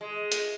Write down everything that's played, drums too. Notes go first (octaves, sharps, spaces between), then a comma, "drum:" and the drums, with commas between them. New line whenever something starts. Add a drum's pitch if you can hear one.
G#3
drum: hi-hat